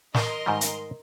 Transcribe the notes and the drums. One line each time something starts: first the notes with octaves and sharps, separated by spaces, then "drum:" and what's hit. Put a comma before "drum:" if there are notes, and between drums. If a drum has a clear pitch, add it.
A#4 D#5 C6, drum: snare
G#2 D#3 G3
drum: hi-hat